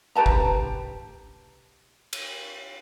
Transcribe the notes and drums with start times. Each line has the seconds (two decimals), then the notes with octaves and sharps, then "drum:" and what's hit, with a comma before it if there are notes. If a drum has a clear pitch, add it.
0.15 G4 B4 A5 A#5
0.26 drum: kick
2.13 drum: cymbal